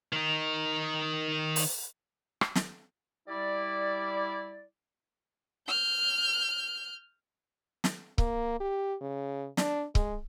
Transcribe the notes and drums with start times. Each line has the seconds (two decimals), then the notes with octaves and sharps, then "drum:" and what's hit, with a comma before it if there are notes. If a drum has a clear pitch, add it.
0.13 D#3 D#4
1.56 drum: open hi-hat
2.41 drum: rim click
2.55 drum: snare
3.28 G3 E4 D5
5.68 F6 G6
7.84 drum: snare
8.18 A#3, drum: kick C#1
8.60 G4
9.01 C#3
9.57 D4, drum: snare
9.95 G#3, drum: kick C#1